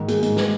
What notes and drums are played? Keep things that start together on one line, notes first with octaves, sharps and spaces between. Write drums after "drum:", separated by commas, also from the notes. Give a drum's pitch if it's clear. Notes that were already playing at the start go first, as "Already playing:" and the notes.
Already playing: G#2 D#3
G#3, drum: hi-hat
G#2, drum: hi-hat
drum: snare